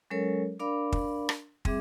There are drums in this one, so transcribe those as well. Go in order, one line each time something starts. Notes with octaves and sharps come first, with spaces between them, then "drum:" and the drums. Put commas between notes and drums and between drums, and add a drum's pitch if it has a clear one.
F#3 G#3 C#4 A4 A#4 C#5
D4 A#4 D5 F5 B5 D6
drum: kick
drum: rim click
G3 C4 G#4 E5 D6, drum: kick